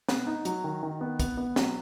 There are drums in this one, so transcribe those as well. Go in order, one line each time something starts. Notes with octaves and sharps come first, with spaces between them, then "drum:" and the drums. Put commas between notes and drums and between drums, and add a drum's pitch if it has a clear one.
B3, drum: snare
D#4
F#3, drum: hi-hat
D#3
D#3
B3
B3, drum: kick, hi-hat
B3
F#3, drum: snare